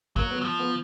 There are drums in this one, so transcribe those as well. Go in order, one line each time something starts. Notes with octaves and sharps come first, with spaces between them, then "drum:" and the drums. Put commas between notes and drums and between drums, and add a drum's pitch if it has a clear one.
F#3 A#3, drum: kick
B3
F#3
F3
B3